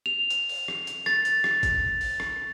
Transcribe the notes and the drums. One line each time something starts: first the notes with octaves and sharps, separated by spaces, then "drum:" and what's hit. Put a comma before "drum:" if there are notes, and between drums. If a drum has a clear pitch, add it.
F7
drum: hi-hat
drum: open hi-hat
drum: rim click
drum: hi-hat
A6, drum: rim click
drum: hi-hat
drum: rim click
drum: kick, hi-hat
drum: open hi-hat
drum: rim click